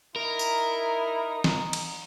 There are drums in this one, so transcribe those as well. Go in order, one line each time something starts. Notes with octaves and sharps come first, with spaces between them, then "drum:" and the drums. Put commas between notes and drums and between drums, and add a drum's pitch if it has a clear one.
D#4 E4 A#4
drum: tambourine
drum: snare
drum: cymbal